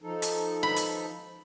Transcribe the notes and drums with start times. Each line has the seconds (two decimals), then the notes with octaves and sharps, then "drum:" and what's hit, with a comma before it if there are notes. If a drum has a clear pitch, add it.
0.02 F3 D#4 A4
0.22 drum: hi-hat
0.63 B5
0.76 drum: hi-hat